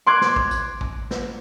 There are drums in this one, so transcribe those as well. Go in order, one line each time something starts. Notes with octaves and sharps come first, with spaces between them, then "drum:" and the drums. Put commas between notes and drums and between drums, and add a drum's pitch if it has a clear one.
C6 D6 F#6 G#6
drum: snare
drum: kick A1
drum: tambourine
drum: kick A1
drum: snare